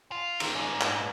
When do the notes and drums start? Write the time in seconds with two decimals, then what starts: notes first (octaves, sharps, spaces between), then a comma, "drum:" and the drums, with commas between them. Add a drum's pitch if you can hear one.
0.12 F4
0.40 D#3 A#3, drum: cymbal
0.55 G#2
0.81 drum: clap